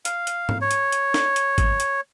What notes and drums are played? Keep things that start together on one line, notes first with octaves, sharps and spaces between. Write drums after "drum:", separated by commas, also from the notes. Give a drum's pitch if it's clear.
F5, drum: hi-hat
drum: hi-hat
drum: tom G#2
C#5
drum: hi-hat
drum: hi-hat
drum: snare
drum: hi-hat
drum: kick G#1, hi-hat
drum: hi-hat